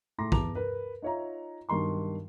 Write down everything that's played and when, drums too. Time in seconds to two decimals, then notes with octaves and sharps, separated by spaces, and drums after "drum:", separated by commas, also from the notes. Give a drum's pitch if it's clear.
0.18 A2 C6 D6 A#6
0.32 E2 A5 A#5 D6 F7, drum: kick
0.55 A#4 B4
1.02 D#4 F4 C#5 E5 A#5
1.69 B1 G2 D#3 C6 C#6